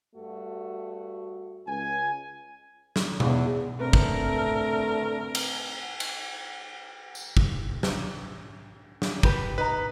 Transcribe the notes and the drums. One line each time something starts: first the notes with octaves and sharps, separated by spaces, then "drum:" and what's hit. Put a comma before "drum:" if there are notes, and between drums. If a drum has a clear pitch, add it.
G2 A3 F#4
C#2 G#5
drum: snare
E2, drum: tom B2
D3 A3 C4 A#4 B4
drum: kick
drum: cymbal
drum: cymbal
drum: tambourine
drum: kick
drum: snare
drum: snare
G4 B4, drum: kick
D#4 B4 A#5